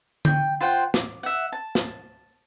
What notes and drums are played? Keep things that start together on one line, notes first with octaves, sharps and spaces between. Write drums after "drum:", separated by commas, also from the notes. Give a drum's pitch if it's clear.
G5, drum: tom D3
F4 C5 F#5 G5
D6, drum: snare
E5 F#5
A5
drum: snare